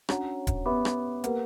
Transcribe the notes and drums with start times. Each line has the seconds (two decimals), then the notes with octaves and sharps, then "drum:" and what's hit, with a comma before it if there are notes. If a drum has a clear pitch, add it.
0.09 C#4 D4 F#4 C#5 F#5 A#5, drum: rim click
0.47 drum: kick D#1, hi-hat
0.66 B3 G4 B4 E5 B5 D6
0.85 drum: rim click
1.24 A#3 G4 B4 F#5, drum: hi-hat